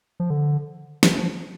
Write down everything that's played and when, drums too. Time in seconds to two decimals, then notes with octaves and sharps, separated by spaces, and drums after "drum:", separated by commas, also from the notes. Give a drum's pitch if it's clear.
0.20 F3
0.30 D3
1.03 drum: snare
1.18 F3